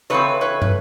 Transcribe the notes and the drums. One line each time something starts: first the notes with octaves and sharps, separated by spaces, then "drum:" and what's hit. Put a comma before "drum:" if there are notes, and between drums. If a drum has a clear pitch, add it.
C#3 E3 A3 C4 B4 C#5
B4 C#5
B4, drum: tom